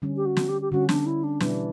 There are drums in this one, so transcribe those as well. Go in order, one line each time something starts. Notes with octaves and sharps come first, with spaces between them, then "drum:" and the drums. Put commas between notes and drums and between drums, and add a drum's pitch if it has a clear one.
D3 G3 C#4
G4
F#4
drum: snare
G4
G4
D3 G3 C#4 F#4
D4, drum: snare
E4
D4
B2 E3 G3 D4, drum: snare